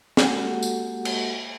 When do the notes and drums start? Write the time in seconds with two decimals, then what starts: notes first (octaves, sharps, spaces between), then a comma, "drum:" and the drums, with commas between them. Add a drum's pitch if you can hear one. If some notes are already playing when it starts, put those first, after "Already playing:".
0.17 G#3 A#3 F#4 G4 A4 F#5, drum: snare
0.63 drum: tambourine
1.05 drum: cymbal